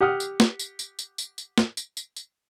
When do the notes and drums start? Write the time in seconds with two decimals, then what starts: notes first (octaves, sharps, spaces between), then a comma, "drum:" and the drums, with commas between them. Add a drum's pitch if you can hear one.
0.01 G4 F#5 D#6 F6
0.20 drum: tambourine
0.40 drum: snare
0.59 drum: tambourine
0.79 drum: tambourine
0.99 drum: tambourine
1.18 drum: tambourine
1.38 drum: tambourine
1.58 drum: snare
1.77 drum: tambourine
1.97 drum: tambourine
2.16 drum: tambourine